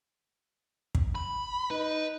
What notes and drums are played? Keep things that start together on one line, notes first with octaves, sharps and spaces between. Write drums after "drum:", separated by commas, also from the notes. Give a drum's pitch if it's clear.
drum: kick
B5
D#4 B4